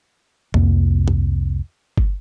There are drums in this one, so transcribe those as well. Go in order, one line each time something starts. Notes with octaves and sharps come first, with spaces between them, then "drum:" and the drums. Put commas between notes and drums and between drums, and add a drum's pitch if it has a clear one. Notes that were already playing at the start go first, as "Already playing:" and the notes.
C2 F2 A#3, drum: tom
drum: tom G2
drum: kick G1